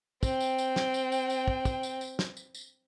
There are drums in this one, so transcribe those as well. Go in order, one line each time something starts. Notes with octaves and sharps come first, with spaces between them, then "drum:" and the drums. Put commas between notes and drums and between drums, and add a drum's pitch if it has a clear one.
C4 G5, drum: kick, tambourine
drum: tambourine
drum: tambourine
drum: snare
drum: tambourine
drum: tambourine
drum: tambourine
drum: kick
drum: kick, tambourine
drum: tambourine
drum: tambourine
drum: snare
drum: tambourine
drum: tambourine